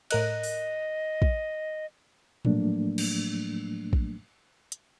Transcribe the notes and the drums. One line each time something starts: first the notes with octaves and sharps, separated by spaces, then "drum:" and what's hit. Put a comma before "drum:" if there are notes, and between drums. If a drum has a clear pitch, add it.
A2 A#4 D#5 F#6, drum: cymbal
drum: open hi-hat
drum: kick
A2 F3 F#3 A3 A#3 D4, drum: tom A#2
drum: cymbal
drum: kick
drum: hi-hat